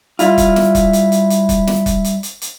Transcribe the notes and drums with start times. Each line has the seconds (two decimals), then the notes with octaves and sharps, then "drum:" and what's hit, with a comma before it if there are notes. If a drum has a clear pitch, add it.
0.19 G3 E4 F4, drum: hi-hat
0.38 drum: kick, hi-hat
0.56 drum: snare
0.75 drum: kick, hi-hat
0.93 drum: hi-hat
1.12 drum: hi-hat
1.30 drum: hi-hat
1.49 drum: kick, hi-hat
1.67 drum: snare
1.86 drum: kick, hi-hat
2.04 drum: hi-hat
2.23 drum: hi-hat
2.42 drum: hi-hat